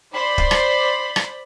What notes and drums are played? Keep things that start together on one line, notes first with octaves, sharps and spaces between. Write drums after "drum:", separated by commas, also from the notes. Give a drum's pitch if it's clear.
C5 D5 B5
drum: kick
drum: rim click
drum: rim click